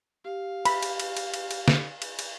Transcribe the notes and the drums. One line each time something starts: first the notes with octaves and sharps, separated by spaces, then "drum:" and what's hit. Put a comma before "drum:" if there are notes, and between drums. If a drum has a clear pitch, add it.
G4 F5
B5, drum: cymbal
drum: cymbal
drum: cymbal
drum: cymbal
drum: cymbal
drum: cymbal
drum: snare
drum: cymbal
drum: cymbal